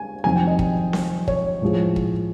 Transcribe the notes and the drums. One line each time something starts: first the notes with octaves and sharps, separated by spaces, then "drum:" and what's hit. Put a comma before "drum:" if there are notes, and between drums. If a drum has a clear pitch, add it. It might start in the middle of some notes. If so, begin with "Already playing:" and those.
Already playing: G#5
F2 C3 D#3 F#3 G#5
G5
D#5
drum: kick
drum: snare C4
C#5, drum: kick
A2 F3 G#3
drum: kick